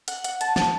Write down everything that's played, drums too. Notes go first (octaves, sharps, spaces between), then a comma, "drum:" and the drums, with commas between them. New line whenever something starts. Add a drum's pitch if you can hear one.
F#5, drum: hi-hat
F#5, drum: hi-hat
A5, drum: hi-hat
A5, drum: snare